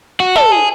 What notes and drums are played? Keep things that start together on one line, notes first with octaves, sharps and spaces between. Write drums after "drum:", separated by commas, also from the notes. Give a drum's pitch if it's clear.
F#4
A4, drum: tom
G#4